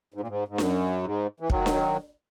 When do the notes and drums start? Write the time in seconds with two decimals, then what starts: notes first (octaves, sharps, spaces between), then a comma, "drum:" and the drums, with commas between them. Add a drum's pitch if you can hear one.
0.14 G#2
0.21 A#2
0.28 G#2
0.48 G#2
0.58 F#2, drum: snare D4
1.03 G#2
1.40 E3
1.50 D#3 F#3, drum: kick
1.66 drum: snare D4